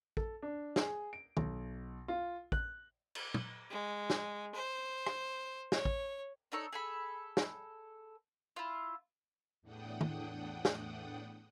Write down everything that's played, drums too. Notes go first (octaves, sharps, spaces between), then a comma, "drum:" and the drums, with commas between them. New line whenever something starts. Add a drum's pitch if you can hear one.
A4, drum: kick
D4
G#4, drum: snare
D7
B1, drum: tom
F4
F#6, drum: kick
drum: cymbal
drum: tom
G#3
drum: snare
C5
drum: rim click
C#5, drum: snare
drum: kick
D4 D#4 A4 C#5
G#4 A4 B5
drum: snare
E4 F4
E2 A2 D4 F#5 G5 D#6
drum: tom
drum: snare